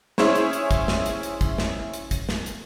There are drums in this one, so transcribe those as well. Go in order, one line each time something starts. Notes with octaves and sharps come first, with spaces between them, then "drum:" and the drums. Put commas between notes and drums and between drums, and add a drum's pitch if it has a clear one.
C#4 E4 G#4 C5 C#5, drum: snare
drum: hi-hat
drum: hi-hat
drum: kick, hi-hat
drum: snare
drum: hi-hat
drum: hi-hat
drum: kick, hi-hat
drum: snare
drum: hi-hat
drum: kick, hi-hat
drum: snare
drum: hi-hat